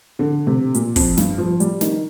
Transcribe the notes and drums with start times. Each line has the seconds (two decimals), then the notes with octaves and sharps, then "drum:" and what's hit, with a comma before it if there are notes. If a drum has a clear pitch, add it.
0.19 D3
0.47 C3
0.74 A#2, drum: hi-hat
0.96 F2, drum: kick, open hi-hat
1.17 G2, drum: snare
1.38 F3
1.60 G3, drum: hi-hat
1.81 D#3, drum: snare